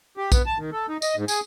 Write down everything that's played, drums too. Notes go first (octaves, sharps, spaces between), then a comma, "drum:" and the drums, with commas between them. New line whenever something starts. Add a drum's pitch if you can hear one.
G4
B3, drum: kick A#1, tambourine
A5
D#3
A4
D#4
D#5, drum: tambourine
G#2
G#4, drum: tambourine